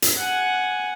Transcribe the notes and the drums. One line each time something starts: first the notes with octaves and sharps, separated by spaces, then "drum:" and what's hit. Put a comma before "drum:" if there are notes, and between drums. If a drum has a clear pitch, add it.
drum: hi-hat
F#5 G#5